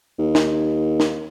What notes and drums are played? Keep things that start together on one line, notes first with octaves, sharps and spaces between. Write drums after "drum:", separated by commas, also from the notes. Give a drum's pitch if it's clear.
D#2
drum: snare
drum: snare